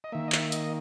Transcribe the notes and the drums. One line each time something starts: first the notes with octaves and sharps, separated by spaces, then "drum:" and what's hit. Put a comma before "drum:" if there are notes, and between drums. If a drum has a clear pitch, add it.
D#5
D#3 A#3 E5
D#5
E5, drum: clap
D#5, drum: hi-hat